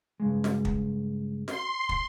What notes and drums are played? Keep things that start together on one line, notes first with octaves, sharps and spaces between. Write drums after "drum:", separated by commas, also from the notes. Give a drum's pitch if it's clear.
G2 C#3 G#3
drum: snare
drum: kick
C6, drum: snare
drum: kick